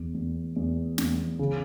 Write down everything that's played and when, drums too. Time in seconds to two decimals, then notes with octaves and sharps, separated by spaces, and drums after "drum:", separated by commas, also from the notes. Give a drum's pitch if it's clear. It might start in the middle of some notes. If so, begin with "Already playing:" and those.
Already playing: E2
0.14 E2
0.56 E2
0.98 E2, drum: snare
1.39 C#3